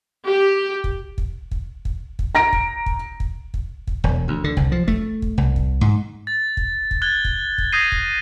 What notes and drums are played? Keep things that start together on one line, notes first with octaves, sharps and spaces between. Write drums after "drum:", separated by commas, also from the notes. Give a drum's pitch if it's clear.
G4
drum: kick
drum: kick
drum: kick
drum: kick
drum: kick
A#5 A#6 D7
drum: kick
drum: kick
drum: kick
drum: kick
drum: kick
E1
D2
D3
C2, drum: kick
F3
A3, drum: kick
drum: kick
C2
drum: kick
G#2
A6
drum: kick
drum: kick
F#6 G#6 A6 G7
drum: kick
drum: kick
D#6 G6 G#6 A#6 C7 D#7
drum: kick